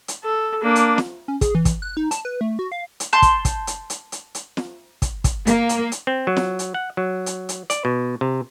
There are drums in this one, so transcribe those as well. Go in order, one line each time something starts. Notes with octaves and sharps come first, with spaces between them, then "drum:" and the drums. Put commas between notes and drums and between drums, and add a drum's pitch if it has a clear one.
drum: hi-hat
A4
A#3 D4
drum: hi-hat
drum: snare
C#4
G#4, drum: kick, hi-hat
E3
drum: kick, hi-hat
F#6
D#4
A5, drum: hi-hat
B4
A3
F#4
F5
drum: hi-hat
A5 C6 G6
drum: kick, hi-hat
drum: kick, hi-hat
drum: hi-hat
drum: hi-hat
drum: hi-hat
drum: hi-hat
drum: snare
drum: kick, hi-hat
drum: kick, hi-hat
A#3, drum: hi-hat
drum: hi-hat
drum: hi-hat
C4
F#3
drum: snare
drum: hi-hat
F#5
F#3
drum: hi-hat
drum: hi-hat
D5, drum: hi-hat
B2
C3